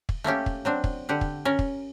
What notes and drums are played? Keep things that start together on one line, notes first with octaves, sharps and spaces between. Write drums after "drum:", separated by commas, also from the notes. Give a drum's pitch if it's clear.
drum: kick
A3 A#3 C#4 G4
drum: kick
F#3 C4 D4
drum: kick
D3 G4 F#5
drum: kick
C#4 A#4
drum: kick